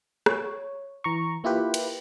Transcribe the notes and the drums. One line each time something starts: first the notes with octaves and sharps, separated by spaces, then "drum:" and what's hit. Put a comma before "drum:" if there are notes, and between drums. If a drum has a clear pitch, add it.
C#5, drum: rim click
E3 A#5 C#6
A#3 E4 F4 G4 B4
drum: cymbal